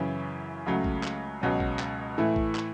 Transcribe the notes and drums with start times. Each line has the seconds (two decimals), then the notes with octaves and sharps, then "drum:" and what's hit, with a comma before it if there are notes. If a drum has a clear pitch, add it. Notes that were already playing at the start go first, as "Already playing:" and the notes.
Already playing: F#2 C#3 E3 C#4 E4
0.66 C#2 C#3 F#3 A3
0.84 drum: kick A1
1.03 drum: clap
1.42 C#2 B2 F#3 C#4
1.60 drum: kick A1
1.79 drum: clap
2.18 A2 E3 A3 E4
2.36 drum: kick A1
2.55 drum: clap